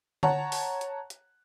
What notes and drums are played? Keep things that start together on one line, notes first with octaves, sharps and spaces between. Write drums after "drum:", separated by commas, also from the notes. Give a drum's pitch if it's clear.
C#5 F#5 A5 A#5, drum: tom D3
drum: open hi-hat
drum: hi-hat
drum: hi-hat